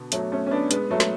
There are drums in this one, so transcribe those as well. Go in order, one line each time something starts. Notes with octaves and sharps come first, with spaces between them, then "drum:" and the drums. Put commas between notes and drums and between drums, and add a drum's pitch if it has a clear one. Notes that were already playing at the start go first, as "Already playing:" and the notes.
Already playing: B2 D3
F#3 A3, drum: hi-hat
A3 C#4
C#4
B3 D4
G#3 B3, drum: hi-hat
F#3 A3
drum: snare